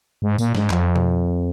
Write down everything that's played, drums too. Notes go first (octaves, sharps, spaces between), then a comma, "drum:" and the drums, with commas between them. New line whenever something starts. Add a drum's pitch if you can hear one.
G#2
A#2, drum: tambourine
G#2, drum: snare
F2, drum: clap
drum: tom B2